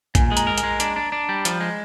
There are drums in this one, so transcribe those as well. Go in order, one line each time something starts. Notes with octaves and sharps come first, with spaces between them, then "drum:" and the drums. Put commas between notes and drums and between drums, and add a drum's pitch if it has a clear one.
A#2 G#5, drum: kick A#1, hi-hat
G#3
A#5, drum: hi-hat
A#4
G#5, drum: hi-hat
G#3
D4 A#5, drum: hi-hat
D4
D4
G3
F3, drum: hi-hat
G#3